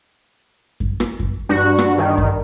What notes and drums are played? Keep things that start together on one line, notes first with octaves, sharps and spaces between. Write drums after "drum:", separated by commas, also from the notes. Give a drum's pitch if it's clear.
drum: kick F#2
drum: rim click
drum: kick F#2
G2 F#4
drum: rim click
D#3
drum: kick F#2